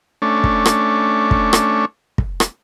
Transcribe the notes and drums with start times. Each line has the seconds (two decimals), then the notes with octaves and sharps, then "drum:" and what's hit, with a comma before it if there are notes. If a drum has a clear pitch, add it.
0.22 A3 C#4 D4
0.44 drum: kick
0.66 drum: rim click
1.31 drum: kick
1.53 drum: rim click
2.18 drum: kick
2.40 drum: rim click